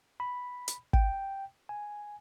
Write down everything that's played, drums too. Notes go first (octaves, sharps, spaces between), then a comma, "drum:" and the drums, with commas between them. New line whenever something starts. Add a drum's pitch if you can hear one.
B5
drum: hi-hat
G5, drum: kick
G#5